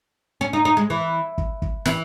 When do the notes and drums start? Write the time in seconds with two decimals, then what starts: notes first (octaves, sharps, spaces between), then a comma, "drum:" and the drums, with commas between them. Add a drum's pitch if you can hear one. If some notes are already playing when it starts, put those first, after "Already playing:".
0.41 C#4
0.53 D#4
0.65 D#4
0.77 G#3
0.90 E3
1.38 drum: kick
1.62 drum: kick
1.86 E3, drum: snare